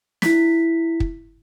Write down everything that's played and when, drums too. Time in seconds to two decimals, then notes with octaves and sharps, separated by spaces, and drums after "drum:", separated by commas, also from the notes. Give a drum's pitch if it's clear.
0.22 E4 B6, drum: snare
1.00 drum: kick